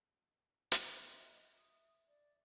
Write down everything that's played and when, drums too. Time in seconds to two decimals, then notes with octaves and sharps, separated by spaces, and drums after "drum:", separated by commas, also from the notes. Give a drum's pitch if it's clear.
0.72 D#5 E5, drum: hi-hat
1.56 D#6
2.07 D5